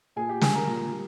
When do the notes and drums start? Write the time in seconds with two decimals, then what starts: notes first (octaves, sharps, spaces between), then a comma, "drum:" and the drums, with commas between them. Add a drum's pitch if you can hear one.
0.16 A#2 G#4 G#5
0.29 G4 G5
0.41 G3 G#4 G#5, drum: snare
0.54 A#4 A#5
0.66 A#2
0.92 G3